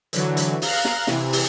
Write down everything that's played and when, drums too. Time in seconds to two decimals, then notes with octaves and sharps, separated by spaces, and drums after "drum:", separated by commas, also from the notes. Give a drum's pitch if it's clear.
0.13 D3 E3 F#3, drum: hi-hat
0.37 drum: hi-hat
0.62 F5 A#5 F#6, drum: open hi-hat
0.85 drum: snare
1.07 C3 E3, drum: snare
1.33 drum: open hi-hat